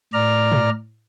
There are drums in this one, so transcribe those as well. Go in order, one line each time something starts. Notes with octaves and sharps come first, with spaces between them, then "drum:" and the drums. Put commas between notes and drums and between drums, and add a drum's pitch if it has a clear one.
A2 D5 A#5 F6
drum: tom